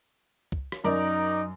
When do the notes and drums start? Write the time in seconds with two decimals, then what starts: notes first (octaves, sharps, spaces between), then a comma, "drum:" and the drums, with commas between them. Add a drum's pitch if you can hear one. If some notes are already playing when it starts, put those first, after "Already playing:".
0.52 drum: kick
0.72 drum: rim click
0.84 F#2 D#4 A#4 D5